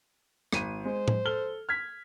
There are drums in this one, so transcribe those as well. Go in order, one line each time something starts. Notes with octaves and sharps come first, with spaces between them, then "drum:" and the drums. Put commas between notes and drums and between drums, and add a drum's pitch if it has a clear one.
G#1 D#7, drum: rim click
G#3 C5
drum: tom A2
A4 F6 G7
F6 G#6 B6